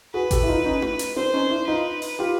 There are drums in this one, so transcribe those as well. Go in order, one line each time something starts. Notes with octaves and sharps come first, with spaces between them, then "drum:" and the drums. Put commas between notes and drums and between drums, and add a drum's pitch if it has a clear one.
F#4 G#4 B4
G4 A4, drum: kick G#1, hi-hat
E4
D#4 F4
C#4 D#4
drum: tom E4
drum: hi-hat
C4 D4 C5
C#4 D#4
D4 E4
D#4 F4 B4
drum: open hi-hat
F4 G4